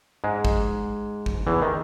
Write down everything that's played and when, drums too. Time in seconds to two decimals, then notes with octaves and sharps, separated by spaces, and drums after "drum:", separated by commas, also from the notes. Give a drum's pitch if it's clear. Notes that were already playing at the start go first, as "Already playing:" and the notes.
0.24 G#2 G#3
0.45 drum: kick G#1
1.26 drum: kick G#1
1.47 E2 E3
1.62 D#3